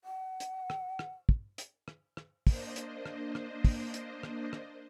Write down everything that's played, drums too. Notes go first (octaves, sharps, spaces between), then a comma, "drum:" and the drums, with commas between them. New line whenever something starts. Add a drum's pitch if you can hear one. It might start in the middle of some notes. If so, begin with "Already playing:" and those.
F#5
drum: hi-hat
drum: rim click
drum: rim click
drum: kick
drum: hi-hat
drum: rim click
drum: rim click
A#3 D4 C5 D#5, drum: kick, open hi-hat
drum: hi-hat
drum: rim click
drum: rim click
drum: kick, open hi-hat
drum: hi-hat
drum: rim click
drum: rim click